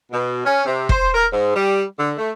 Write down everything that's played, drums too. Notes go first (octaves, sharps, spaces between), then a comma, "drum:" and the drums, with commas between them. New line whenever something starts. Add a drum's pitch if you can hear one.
B2
C#4
C3
C5, drum: kick
A#4
G#2
G3
D3
A3